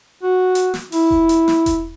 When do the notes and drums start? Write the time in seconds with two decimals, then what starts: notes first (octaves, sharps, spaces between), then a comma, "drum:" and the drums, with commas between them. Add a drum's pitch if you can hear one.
0.23 F#4
0.55 drum: hi-hat
0.74 drum: snare
0.92 E4, drum: open hi-hat
1.11 drum: kick E1
1.29 drum: hi-hat
1.48 drum: snare
1.66 drum: kick E1, hi-hat